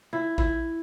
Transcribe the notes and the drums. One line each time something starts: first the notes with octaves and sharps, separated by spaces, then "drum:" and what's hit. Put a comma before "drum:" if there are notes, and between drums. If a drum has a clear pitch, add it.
E4
E4, drum: kick A#1